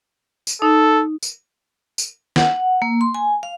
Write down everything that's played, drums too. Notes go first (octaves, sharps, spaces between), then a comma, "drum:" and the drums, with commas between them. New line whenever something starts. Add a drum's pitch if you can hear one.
drum: tambourine
D#4 A4
drum: tambourine
drum: tambourine
F#5, drum: snare
A#3
C6
G#5
F5